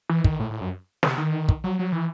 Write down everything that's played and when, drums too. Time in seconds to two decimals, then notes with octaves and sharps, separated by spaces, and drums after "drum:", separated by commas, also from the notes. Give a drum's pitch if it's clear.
0.09 E3
0.24 D#3, drum: kick
0.40 A2
0.51 A2
0.61 F#2
1.03 C3, drum: snare
1.18 D#3
1.49 drum: kick
1.64 F#3
1.79 F#3
1.92 E3